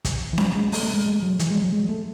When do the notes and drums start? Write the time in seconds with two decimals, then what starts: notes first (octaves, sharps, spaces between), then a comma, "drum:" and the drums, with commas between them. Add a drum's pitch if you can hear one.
0.05 drum: kick, hi-hat
0.33 E3
0.38 F#3, drum: snare C#4
0.55 G#3
0.72 A3, drum: open hi-hat
0.83 A3
0.94 G#3
1.06 G#3
1.22 F#3
1.39 E3, drum: hi-hat
1.50 G#3
1.62 F#3
1.73 G#3
1.89 A3